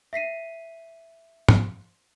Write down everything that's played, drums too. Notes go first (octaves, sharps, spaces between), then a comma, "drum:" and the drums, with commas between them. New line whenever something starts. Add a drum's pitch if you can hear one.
E5 B6 C7 D#7
drum: tom